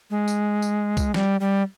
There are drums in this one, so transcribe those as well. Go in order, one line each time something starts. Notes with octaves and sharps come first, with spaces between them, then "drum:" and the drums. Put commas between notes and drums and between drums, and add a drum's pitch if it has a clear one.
G#3
drum: tambourine
drum: tambourine
drum: kick B1, tambourine
G3, drum: snare
G3